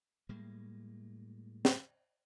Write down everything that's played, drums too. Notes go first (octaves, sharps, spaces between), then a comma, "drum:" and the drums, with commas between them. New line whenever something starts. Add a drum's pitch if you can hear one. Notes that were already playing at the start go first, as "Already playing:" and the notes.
A2 G3 G#3 A#3
drum: snare C4